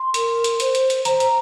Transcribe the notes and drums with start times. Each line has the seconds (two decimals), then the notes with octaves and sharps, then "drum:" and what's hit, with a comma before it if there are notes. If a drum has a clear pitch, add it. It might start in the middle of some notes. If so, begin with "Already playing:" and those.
Already playing: C6
0.14 A#4, drum: hi-hat
0.44 drum: hi-hat
0.60 C5, drum: hi-hat
0.75 drum: hi-hat
0.90 drum: hi-hat
1.05 C5 A#5, drum: hi-hat
1.20 drum: hi-hat